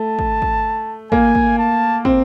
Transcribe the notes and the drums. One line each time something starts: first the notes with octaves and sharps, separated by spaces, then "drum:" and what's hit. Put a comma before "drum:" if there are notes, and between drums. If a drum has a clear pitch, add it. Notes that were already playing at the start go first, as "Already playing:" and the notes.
Already playing: A3 A5
drum: kick
drum: kick
A#3 G#5, drum: kick
drum: kick
A5
C4, drum: kick